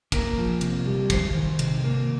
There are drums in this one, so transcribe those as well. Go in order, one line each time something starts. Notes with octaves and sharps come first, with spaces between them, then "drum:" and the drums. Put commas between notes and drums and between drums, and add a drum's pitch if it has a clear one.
A#3 A#4, drum: kick, cymbal
F3
C3, drum: cymbal
G3
D#3 C5, drum: kick, cymbal
D#3
C3, drum: cymbal
A#3